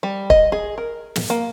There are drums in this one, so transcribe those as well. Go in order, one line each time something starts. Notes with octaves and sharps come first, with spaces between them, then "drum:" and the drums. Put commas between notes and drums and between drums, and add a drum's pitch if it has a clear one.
G3
D#5, drum: kick
G#4
A#4
drum: snare
A#3